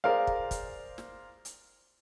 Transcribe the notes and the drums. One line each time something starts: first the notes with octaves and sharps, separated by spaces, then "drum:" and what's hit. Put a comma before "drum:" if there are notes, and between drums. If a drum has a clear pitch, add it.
G#4 A#4 C5 D5 F5
drum: kick
drum: kick, hi-hat
drum: snare
drum: hi-hat